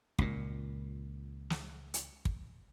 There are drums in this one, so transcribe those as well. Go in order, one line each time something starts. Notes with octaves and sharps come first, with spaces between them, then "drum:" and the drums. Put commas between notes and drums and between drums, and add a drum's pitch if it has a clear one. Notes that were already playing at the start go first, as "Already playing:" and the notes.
C#2 A#2, drum: kick
drum: snare
drum: hi-hat
drum: kick